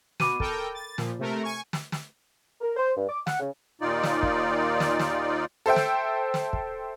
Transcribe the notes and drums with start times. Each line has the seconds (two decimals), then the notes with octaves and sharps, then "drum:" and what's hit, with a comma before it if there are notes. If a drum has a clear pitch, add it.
0.20 B2 B5 D6 D#7, drum: snare
0.40 A4 A#4 G5, drum: kick
0.75 A6
0.98 A#2 F3, drum: snare
1.19 C3 A3 A#4
1.43 G#5 C#6
1.73 drum: snare
1.92 drum: snare
2.61 A#4
2.76 C5
2.96 G2
3.08 D6
3.27 F#5, drum: snare
3.40 C#3
3.81 D#2 A#2 D#4 F4 D5
4.03 drum: snare
4.23 drum: kick
4.80 drum: snare
4.99 drum: snare
5.66 A4 C5 E5 G5
5.76 drum: snare
6.34 drum: snare
6.53 drum: kick